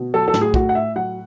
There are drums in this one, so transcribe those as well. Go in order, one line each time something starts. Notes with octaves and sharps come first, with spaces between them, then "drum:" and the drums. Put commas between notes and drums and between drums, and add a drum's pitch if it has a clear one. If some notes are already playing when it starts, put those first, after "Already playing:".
Already playing: B2
F#3 A4
A4
A2, drum: snare
G#4
A3 F#4, drum: kick
F#5
A2 E5
F#3 F#5